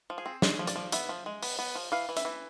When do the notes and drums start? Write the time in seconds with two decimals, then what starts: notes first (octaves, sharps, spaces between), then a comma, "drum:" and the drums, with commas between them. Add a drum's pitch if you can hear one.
0.10 F3
0.18 G#4
0.26 C4
0.42 G#3 G#4, drum: snare
0.59 F3
0.67 D5, drum: hi-hat
0.76 F3
0.92 B3 E5, drum: hi-hat
1.09 F3
1.26 G#3
1.42 B3, drum: open hi-hat
1.59 B3
1.75 F3
1.92 E3 F5
2.09 E3
2.17 E5, drum: hi-hat
2.25 E3